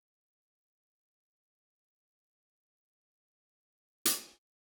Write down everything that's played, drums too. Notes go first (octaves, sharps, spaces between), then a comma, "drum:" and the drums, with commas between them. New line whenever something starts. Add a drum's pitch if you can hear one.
F#3 A3 G#4
F5
G5
G#3
drum: hi-hat